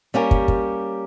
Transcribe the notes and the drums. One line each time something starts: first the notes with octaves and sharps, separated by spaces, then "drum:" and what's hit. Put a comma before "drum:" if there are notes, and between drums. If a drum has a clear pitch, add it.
G3 A#3 C#4 G4 A#4
drum: kick
drum: kick